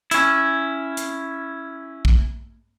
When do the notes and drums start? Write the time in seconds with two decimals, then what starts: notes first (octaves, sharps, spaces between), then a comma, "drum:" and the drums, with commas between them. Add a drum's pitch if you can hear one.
0.11 C#4 E4, drum: hi-hat
0.97 drum: hi-hat
2.05 drum: kick